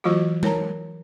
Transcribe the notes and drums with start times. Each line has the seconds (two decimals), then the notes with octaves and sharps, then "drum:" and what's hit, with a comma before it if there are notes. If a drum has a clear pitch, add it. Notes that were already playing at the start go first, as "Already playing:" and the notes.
0.04 E3 F#3 A3 F4 F#4
0.43 A#4 C#5 A5 A#5, drum: tom G3